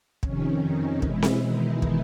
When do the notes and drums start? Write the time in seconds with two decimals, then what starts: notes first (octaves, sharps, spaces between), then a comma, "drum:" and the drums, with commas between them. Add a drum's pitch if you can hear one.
0.23 F2 C3 D#3 C#4, drum: kick
0.62 D#3 D#4
1.02 B2 E3 G#3 E4, drum: kick
1.22 drum: snare C4
1.42 D#3 D#4
1.82 drum: kick